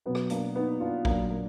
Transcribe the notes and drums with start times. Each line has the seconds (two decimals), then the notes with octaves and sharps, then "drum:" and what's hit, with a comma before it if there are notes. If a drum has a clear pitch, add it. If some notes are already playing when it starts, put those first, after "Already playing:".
0.06 B2 F#3 B3
0.15 drum: rim click
0.30 A#3 D4, drum: hi-hat
0.55 B3 D#4
0.80 D4 F4
1.05 A#2 F#3 A#3 D4, drum: kick
1.30 A#3